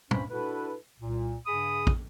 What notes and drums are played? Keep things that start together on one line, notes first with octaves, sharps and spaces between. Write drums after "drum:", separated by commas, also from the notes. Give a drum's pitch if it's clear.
C#2 G2 C4 C#4 C5 B5, drum: tom
D4 E4 F#4 A4 B4
C2 A#2
G2 C#3 G#4 B5 D#6
drum: kick